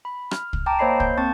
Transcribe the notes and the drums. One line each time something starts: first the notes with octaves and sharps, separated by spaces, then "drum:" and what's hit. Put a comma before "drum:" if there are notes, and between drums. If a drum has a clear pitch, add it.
B5
F6, drum: rim click
drum: kick
G5 A5 A#5 D6
A#3 C5 C#5 D#5 B5 C7
G6, drum: kick
A#3 C4 A5 C#6 A6